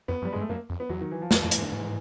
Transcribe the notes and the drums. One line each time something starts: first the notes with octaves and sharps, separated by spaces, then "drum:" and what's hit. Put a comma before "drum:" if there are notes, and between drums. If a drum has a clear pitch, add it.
F2 B3
F#2
G3
G#3
G2
A3
F#2 A#3
F2
B3
E2 F#3
D#3
E3
F3
F2 F#3, drum: snare
F3
F2
E3, drum: hi-hat
G#2
D3
G#2 E3